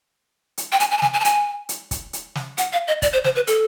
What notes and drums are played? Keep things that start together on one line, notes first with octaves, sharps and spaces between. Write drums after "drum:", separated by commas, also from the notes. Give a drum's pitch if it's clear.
drum: hi-hat
G5
G#5, drum: hi-hat
G#5
A5
G#5, drum: snare
G#5
A5
G#5, drum: hi-hat
drum: hi-hat
drum: kick, hi-hat
drum: hi-hat
drum: snare
F#5, drum: hi-hat
F5
D#5
D5, drum: kick, hi-hat
C5
C5, drum: snare
B4
A4, drum: hi-hat